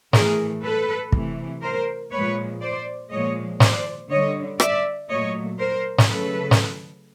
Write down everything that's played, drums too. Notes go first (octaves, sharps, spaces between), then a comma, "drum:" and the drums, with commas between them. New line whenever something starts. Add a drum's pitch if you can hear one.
A2 E3 A3 G#4 A#4, drum: snare
A4 B4
C3 E3 A3, drum: kick
A#4 C5
A#2 F3 G#3 B4 C#5
C5 D5
A#2 F3 G#3 C#5 D#5
C5 D5, drum: snare
D3 G3 C#5 D#5
D5 E5, drum: rim click
A#2 F#3 A3 C#5 D#5
A#4 C5
drum: snare
C#3 F#3 A3 A4 B4
drum: snare